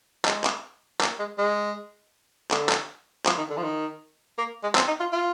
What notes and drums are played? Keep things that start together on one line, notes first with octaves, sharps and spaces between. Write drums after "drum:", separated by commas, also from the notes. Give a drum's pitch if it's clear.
G#3, drum: clap
drum: clap
A#3, drum: clap
G#3
G#3
D3, drum: clap
drum: clap
F3, drum: clap
D#3
D3
F3
D#3
A#3
G#3
C4, drum: clap
D#4
F4
F4